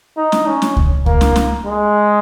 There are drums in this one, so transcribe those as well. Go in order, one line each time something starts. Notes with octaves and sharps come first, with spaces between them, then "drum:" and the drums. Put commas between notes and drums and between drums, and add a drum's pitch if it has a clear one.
D#4
drum: snare
C#4
drum: snare
drum: kick C#2
A#3, drum: kick C#2
drum: snare
drum: snare
G#3